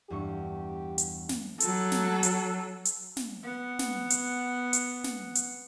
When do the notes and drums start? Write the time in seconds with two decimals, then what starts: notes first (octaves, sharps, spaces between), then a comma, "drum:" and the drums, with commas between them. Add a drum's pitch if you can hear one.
0.10 E2 G2 G4 C#6
0.98 drum: hi-hat
1.29 drum: snare
1.60 F#3 A4, drum: hi-hat
1.92 drum: snare
2.23 drum: hi-hat
2.85 drum: hi-hat
3.17 drum: snare
3.43 B3 F#5
3.79 drum: snare
4.10 drum: hi-hat
4.73 drum: hi-hat
5.04 drum: snare
5.35 drum: hi-hat